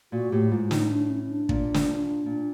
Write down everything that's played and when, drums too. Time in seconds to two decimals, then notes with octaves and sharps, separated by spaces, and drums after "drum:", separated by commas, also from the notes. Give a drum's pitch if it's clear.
0.12 A#2 F#4
0.32 A2 G4
0.51 G#2 F4
0.71 A2 D#4, drum: snare
0.90 D4
1.10 C#4
1.29 D4
1.49 A#2, drum: kick
1.74 drum: snare
2.26 A#2